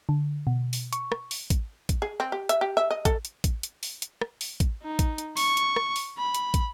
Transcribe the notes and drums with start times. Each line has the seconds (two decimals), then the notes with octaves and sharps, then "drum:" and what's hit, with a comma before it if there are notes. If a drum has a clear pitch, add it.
0.09 D3
0.47 B2
0.73 drum: open hi-hat
0.93 C#6, drum: hi-hat
1.12 drum: rim click
1.31 drum: open hi-hat
1.50 drum: kick, hi-hat
1.89 drum: kick, hi-hat
2.02 G#4
2.20 C4
2.32 G4
2.49 E5, drum: hi-hat
2.61 G4
2.77 E5
2.91 D#5
3.05 A4, drum: kick, hi-hat
3.25 drum: hi-hat
3.44 drum: kick, hi-hat
3.63 drum: hi-hat
3.83 drum: open hi-hat
4.02 drum: hi-hat
4.21 drum: rim click
4.41 drum: open hi-hat
4.60 drum: kick, hi-hat
4.83 D#4
4.99 drum: kick, hi-hat
5.18 drum: hi-hat
5.37 C#6, drum: open hi-hat
5.57 drum: hi-hat
5.76 drum: rim click
5.96 drum: open hi-hat
6.18 B5
6.34 drum: hi-hat
6.54 drum: kick, hi-hat